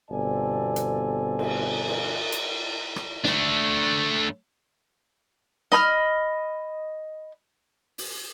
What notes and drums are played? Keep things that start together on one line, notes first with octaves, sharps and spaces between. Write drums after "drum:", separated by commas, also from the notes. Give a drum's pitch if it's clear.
G1 B2 C4 A4 D5 G#5
drum: hi-hat
drum: cymbal
drum: cymbal
drum: hi-hat
drum: rim click
A3 D4, drum: snare
D#5 B5 F6, drum: snare
drum: open hi-hat